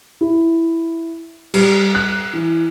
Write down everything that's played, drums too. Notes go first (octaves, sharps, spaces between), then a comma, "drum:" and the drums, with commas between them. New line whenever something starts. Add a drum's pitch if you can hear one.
E4
G3, drum: cymbal
F#6
E3